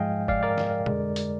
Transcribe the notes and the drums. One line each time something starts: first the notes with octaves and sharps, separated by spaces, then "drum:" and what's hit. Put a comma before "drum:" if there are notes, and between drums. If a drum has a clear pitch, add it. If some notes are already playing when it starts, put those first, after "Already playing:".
Already playing: G#2 F3 G#3 D#5 F5 G5 G#5
D5 F5, drum: kick F#1
A#4 D5
drum: snare
F2 D3 G#3, drum: tom B2
drum: hi-hat